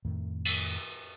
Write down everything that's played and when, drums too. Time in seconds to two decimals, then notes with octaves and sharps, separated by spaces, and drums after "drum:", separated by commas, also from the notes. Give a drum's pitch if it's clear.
0.05 F2 A2 D#3 A3
0.45 drum: cymbal